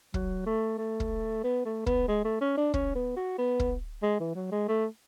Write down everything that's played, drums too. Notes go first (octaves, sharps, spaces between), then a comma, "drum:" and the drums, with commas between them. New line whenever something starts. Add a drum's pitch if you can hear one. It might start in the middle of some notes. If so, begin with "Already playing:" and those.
F#3, drum: kick
A3
A3
drum: kick
B3
A3
B3, drum: kick
G#3
A3
C#4
D4
C#4, drum: kick
B3
F#4
B3
drum: kick
G#3
E3
F#3
G#3
A3